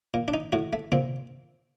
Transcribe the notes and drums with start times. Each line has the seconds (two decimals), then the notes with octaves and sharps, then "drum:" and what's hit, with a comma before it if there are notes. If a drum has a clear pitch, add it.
0.14 A#2
0.28 D4
0.34 D#4
0.52 A2 F#4
0.73 A3
0.92 A#2 C4, drum: tom C3